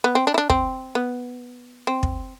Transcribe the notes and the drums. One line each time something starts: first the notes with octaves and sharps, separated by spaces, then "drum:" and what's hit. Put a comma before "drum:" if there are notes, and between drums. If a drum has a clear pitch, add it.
B3
C4
D4
E4
D4
C4, drum: kick
B3
C4
drum: kick